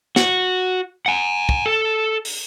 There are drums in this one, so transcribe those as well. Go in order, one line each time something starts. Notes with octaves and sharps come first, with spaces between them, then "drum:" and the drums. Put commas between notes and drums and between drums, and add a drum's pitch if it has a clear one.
F#4, drum: snare
F#5 G#5
drum: kick
A4
drum: open hi-hat